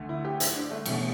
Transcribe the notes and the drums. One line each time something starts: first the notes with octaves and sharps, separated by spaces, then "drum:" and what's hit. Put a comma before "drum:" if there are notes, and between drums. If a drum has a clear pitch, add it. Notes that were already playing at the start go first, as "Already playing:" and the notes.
Already playing: D2 D3 A3
E4
G4
E4, drum: hi-hat
D4
A3
E2 B2 A3, drum: cymbal